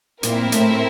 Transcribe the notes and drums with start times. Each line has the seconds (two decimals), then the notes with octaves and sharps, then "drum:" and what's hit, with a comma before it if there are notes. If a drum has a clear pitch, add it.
0.23 A#2 A#3 C4 E4 A#4 E5, drum: hi-hat
0.52 A2 A3, drum: hi-hat